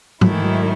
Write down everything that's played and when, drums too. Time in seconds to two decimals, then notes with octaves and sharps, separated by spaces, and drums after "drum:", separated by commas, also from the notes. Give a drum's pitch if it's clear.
0.21 G#2 D#3 F#3 A3 E4, drum: tom
0.32 E3
0.43 F#3